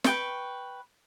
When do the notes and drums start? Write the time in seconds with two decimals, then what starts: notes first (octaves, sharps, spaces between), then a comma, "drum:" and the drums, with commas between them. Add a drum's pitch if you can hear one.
0.04 B4 G5 C#6, drum: snare